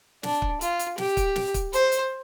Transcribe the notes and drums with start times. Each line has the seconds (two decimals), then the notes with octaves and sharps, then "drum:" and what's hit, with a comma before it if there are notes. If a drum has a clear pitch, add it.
0.23 D4, drum: snare
0.42 drum: kick
0.61 F4, drum: hi-hat
0.79 drum: hi-hat
0.98 G4, drum: snare
1.17 drum: kick, hi-hat
1.36 drum: snare
1.54 drum: kick, hi-hat
1.73 C5, drum: hi-hat
1.92 drum: hi-hat